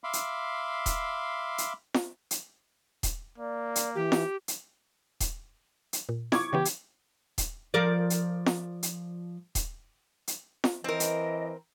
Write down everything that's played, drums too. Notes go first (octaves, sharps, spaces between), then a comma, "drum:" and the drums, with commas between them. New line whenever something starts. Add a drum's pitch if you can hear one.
E5 F5 B5 C6 D6
drum: hi-hat
drum: kick D#1, hi-hat
drum: hi-hat
drum: snare F4
drum: hi-hat
drum: kick D#1, hi-hat
A#3 D5
drum: hi-hat
E3 G4
drum: snare F4
drum: hi-hat
drum: kick D#1, hi-hat
drum: hi-hat
A#2
E4 C#6 D6 G#6, drum: snare F4
C#3 E3 B3 G4
drum: hi-hat
drum: kick D#1, hi-hat
F3 A#4 D5
drum: hi-hat
drum: snare F4
drum: hi-hat
drum: kick D#1, hi-hat
drum: hi-hat
drum: snare F4
E3 C4 A#4 D#5
drum: hi-hat